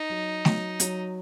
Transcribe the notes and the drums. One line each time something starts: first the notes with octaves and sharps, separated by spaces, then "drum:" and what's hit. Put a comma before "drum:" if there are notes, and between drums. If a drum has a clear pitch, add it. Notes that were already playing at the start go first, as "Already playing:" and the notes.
Already playing: D#4
F#3
F#3, drum: snare A3
F#3, drum: hi-hat